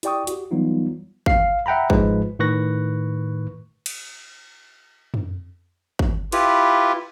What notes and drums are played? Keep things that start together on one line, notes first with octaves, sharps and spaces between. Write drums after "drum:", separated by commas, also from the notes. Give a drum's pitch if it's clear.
E4 G4 D5 G5 C#6 D#6, drum: hi-hat
F#4 G4, drum: hi-hat
E3 F#3 G3 B3 D#4 F4
F5 C7, drum: kick
E5 F#5 G5 A#5 B5
G#2 F3 G#3 B4, drum: kick
A2 D#3 B4 C#6 F#6 A#6
drum: cymbal
drum: tom
drum: kick
E4 F4 G4 B4, drum: cymbal